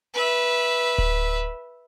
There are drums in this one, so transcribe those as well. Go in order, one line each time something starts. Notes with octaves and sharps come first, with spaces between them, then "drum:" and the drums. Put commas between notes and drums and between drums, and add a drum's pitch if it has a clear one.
B4 E5
drum: kick D1